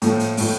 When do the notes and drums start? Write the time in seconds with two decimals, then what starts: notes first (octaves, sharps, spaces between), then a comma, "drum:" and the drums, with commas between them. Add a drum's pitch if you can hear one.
0.02 A2 F3 A3, drum: hi-hat
0.20 drum: hi-hat
0.37 A2 F3 A3, drum: open hi-hat